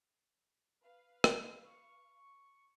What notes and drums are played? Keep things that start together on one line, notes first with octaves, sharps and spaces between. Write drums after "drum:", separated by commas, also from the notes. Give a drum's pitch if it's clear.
B4 F5
drum: rim click
C#6